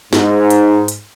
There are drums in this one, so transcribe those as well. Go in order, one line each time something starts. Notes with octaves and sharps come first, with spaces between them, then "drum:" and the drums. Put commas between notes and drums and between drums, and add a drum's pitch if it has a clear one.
G#2, drum: snare
drum: hi-hat
drum: hi-hat